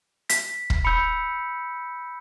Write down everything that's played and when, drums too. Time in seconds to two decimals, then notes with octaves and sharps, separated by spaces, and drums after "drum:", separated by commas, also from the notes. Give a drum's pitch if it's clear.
0.29 B6, drum: hi-hat
0.70 drum: kick
0.84 B5 E6 G6 C#7